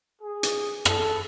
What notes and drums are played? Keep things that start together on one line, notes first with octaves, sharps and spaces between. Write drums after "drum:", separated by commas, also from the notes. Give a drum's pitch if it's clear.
G#4
drum: hi-hat
A4, drum: rim click